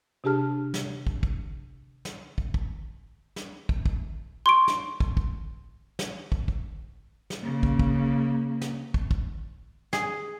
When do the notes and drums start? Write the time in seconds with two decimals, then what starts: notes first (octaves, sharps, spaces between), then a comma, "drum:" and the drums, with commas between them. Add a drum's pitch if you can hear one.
0.24 C3 D4 G4 G#4 A5 F6
0.74 drum: snare
1.07 drum: kick
1.23 drum: kick
2.05 drum: snare
2.38 drum: kick
2.54 drum: kick
3.36 drum: snare
3.69 drum: kick
3.86 drum: kick
4.46 C6 C#6 D7
4.68 drum: snare
5.00 drum: kick
5.17 drum: kick
5.99 drum: snare
6.32 drum: kick
6.48 drum: kick
7.30 drum: snare
7.43 C#3 A#3
7.63 drum: kick
7.79 drum: kick
8.61 drum: snare
8.94 drum: kick
9.11 drum: kick
9.93 G#4, drum: snare